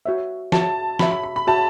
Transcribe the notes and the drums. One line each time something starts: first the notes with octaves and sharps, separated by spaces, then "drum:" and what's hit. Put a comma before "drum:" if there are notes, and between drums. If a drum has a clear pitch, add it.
F#4 C#5 E5
F#4 C#5 E5 A5, drum: snare
F#4 C#5 E5 B5, drum: snare
B5
B5
B5
F#4 C#5 E5 A5